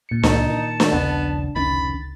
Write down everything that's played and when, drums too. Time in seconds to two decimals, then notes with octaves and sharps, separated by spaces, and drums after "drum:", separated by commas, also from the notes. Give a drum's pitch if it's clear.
0.09 A#2 C#7
0.23 C#2 D#4 A5, drum: snare
0.50 D#3
0.80 drum: snare
0.92 D#1 A#1 C#3 B3 D4
1.56 F1 C#2 D#3 C#4 B5 A6